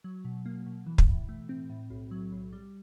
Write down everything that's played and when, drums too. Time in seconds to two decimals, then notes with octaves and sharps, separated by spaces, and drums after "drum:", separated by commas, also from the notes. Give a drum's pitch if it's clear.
0.04 F#3
0.25 B2
0.46 A#3
0.66 B2
0.86 E3
0.98 drum: kick
1.08 A2
1.29 A3
1.49 C4
1.70 A2
1.90 B1
2.11 F#3
2.32 B1
2.53 G3